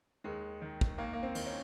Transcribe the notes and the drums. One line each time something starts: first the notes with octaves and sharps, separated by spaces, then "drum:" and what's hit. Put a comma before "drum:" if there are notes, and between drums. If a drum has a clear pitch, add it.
D#2 G#3
D#3
drum: kick
D#2 A#3
A#3
C4
D#3, drum: cymbal
C#4